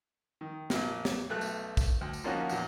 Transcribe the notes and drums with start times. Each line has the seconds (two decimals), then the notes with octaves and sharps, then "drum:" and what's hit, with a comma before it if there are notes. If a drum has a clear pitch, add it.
0.41 D#3
0.70 A#1 A#2, drum: snare
1.05 drum: snare
1.30 B1 A3 F#6
1.41 drum: tambourine
1.77 drum: kick, tambourine
2.01 D2
2.13 drum: tambourine
2.24 F3 A#3 C#4 D#4 F#4
2.49 E2 A#2, drum: tambourine